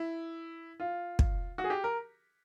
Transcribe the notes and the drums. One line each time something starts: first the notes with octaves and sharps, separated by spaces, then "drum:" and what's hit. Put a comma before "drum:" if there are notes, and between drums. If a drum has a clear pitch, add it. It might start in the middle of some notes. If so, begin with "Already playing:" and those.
Already playing: E4
F4
drum: kick
F#4
G#4
G4
A#4